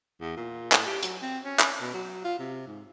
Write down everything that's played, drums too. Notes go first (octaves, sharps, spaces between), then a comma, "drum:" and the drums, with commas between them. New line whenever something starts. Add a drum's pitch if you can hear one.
E2
A#2
A2, drum: clap
G4
F#3, drum: hi-hat
C4
C#4
drum: clap
B2
F#3
F4
C3
G#2